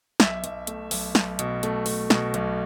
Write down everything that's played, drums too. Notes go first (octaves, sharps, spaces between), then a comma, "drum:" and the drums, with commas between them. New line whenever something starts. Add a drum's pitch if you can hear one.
B1 E5, drum: snare
B1, drum: hi-hat
A3, drum: hi-hat
B1, drum: open hi-hat
B1, drum: snare
B2, drum: hi-hat
A3, drum: hi-hat
A3, drum: open hi-hat
B2, drum: snare
B1, drum: hi-hat